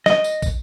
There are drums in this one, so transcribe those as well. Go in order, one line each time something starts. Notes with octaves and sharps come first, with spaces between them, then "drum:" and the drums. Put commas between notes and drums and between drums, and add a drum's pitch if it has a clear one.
D#5, drum: snare
drum: tambourine
drum: kick, tambourine